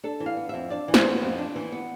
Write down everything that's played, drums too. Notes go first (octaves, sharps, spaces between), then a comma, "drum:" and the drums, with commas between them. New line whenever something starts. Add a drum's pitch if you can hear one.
D4 A4
E3
F5
B3
F2 E5
D4 D5
E3
C5, drum: snare
B3
B4
F2
D4
E3
B3